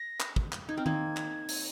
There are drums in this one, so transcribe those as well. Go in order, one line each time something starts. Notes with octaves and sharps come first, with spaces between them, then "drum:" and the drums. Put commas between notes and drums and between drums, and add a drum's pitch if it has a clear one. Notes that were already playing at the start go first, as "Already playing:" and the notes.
Already playing: A#6
drum: clap
drum: kick
drum: clap
D#4 G#6
C4 F6
A#3 D#4 G#6, drum: tom D#3
drum: clap
drum: open hi-hat